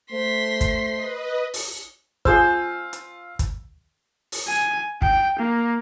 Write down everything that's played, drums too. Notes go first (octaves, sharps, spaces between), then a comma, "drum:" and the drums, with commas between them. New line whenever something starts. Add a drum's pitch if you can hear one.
A3 C5 C6 B6
drum: kick, hi-hat
B4 D#5
drum: open hi-hat
F4 G#4 C5 E6, drum: kick
drum: hi-hat
drum: kick, hi-hat
drum: open hi-hat
G#5
G5, drum: kick
A#3